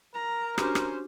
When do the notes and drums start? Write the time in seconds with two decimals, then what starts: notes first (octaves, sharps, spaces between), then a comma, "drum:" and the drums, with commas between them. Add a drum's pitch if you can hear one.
0.14 A#4 A#5
0.58 C#4 D4 F#4 G4 C5, drum: rim click
0.75 drum: rim click